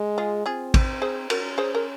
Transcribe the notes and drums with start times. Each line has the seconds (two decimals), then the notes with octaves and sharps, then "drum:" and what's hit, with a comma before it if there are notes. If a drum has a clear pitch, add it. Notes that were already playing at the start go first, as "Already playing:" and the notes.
Already playing: G#3
0.18 F4 G#4
0.46 C4 F4 G#4
0.74 drum: kick, cymbal
1.02 G#4 C5
1.30 C#4 F#4 A#4, drum: cymbal
1.58 G#4 C5
1.75 A#4